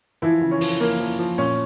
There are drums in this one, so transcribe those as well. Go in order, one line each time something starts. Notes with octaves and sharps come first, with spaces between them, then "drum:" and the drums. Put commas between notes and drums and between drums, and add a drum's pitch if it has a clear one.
E3 F3 E4
C#3
C#4
F3, drum: open hi-hat
F3 A#3
F3
F3
A#2 C#4